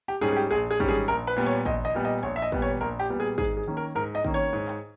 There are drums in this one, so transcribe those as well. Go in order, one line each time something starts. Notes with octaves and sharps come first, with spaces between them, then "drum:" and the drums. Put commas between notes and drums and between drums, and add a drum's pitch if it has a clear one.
G4
G#2 G3 C#4 G#4
G#4
G4
A#1 G#4
G#4
G#2 G3 C#4, drum: kick
G#4
A#1 A#4
B4
A#2 G3 B3
C#5
A#1 D#5, drum: kick
D#5
A#2 G3 B3
D#5
A#1 C#5
E5
D#5
A#2 G3 B3, drum: kick
C#5
A#1 A#4
G4
A#2 G3 B3
G#4
G#2 G#4, drum: kick
G#4
D#3 A#3 C#4
A#4
G#2 A#4
D#5
D#3 A#3 C#4, drum: kick
C#5
G#2
drum: clap